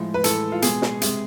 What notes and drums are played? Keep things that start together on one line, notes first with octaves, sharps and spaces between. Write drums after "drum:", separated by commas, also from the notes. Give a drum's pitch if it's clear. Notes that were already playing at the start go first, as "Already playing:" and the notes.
Already playing: A2 F3 G#3
B4
A2 E3 G#3 A4, drum: hi-hat
F4
B2 G#3 G#4, drum: hi-hat
drum: snare
C3 G#3, drum: hi-hat